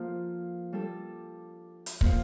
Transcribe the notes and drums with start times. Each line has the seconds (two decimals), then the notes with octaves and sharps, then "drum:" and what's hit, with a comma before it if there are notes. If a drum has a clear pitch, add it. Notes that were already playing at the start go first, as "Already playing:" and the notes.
Already playing: F3 A#3 F4 A4
0.73 G3 D4 A4
1.86 drum: hi-hat
2.01 A#2 F3 A#3, drum: kick